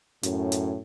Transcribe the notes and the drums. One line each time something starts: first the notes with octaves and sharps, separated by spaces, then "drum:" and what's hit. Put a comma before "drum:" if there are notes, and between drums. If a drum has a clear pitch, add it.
F#2 A2, drum: hi-hat
drum: hi-hat